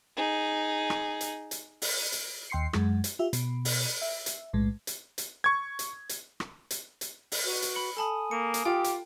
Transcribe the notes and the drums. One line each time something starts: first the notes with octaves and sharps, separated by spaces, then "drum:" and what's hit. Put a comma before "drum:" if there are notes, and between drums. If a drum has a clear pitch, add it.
D#4 G#4
drum: rim click
drum: hi-hat
drum: hi-hat
drum: open hi-hat
drum: hi-hat
D#2 G5 C6 C7 C#7
F#2 G#3, drum: rim click
drum: hi-hat
F4 G4 E5
B2, drum: hi-hat
drum: open hi-hat
E5
drum: hi-hat
B1 A2 G#3
drum: hi-hat
drum: hi-hat
C#6 G#6
drum: hi-hat
drum: hi-hat
drum: rim click
drum: hi-hat
drum: hi-hat
drum: open hi-hat
F#4 B4
drum: hi-hat
B5 C#7
A4 G#5 A5 B5 D#6
A#3 C#7
drum: hi-hat
F4 G4 G5
drum: hi-hat